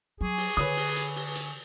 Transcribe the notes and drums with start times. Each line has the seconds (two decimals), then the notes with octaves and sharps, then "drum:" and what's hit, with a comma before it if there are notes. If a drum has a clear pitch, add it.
0.21 F#3 G#4 G#5 C#6 D6
0.37 drum: open hi-hat
0.57 D3 B4 C#5 D#6
0.77 drum: open hi-hat
0.96 drum: hi-hat
1.16 drum: open hi-hat
1.35 drum: hi-hat